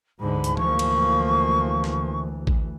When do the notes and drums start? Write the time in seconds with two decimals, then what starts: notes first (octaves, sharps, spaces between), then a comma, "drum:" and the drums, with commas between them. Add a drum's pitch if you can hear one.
0.20 D2 G#2 D3 E3 B5
0.44 drum: hi-hat
0.57 F3 A#3 C#6, drum: tom
0.79 drum: cymbal
1.84 drum: snare
2.47 drum: kick A1